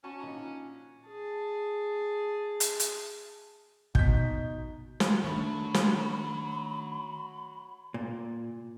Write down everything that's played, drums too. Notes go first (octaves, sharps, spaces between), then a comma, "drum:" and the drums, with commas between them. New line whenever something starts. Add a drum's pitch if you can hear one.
C#4 F#4 A5 C#6
A#1 D#4 A#5
G#4 A5
drum: hi-hat
drum: hi-hat
B2 D#4 G6 B6, drum: kick
drum: snare
D#3 A3 D4 F#4 C#5 B5
drum: snare
A#2